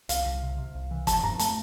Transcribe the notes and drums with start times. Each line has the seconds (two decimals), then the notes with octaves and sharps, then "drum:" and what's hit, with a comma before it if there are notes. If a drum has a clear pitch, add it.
0.09 C2 F5, drum: hi-hat
0.26 C2
0.43 C3
0.58 C3
0.75 C2
0.91 E3
1.07 F3 A5, drum: kick E1, hi-hat
1.23 G2 A#5
1.39 A3 A5, drum: hi-hat